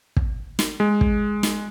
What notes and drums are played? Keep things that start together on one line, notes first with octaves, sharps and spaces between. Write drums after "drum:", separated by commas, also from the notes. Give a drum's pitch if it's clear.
drum: kick
drum: snare
G#3
drum: kick
drum: snare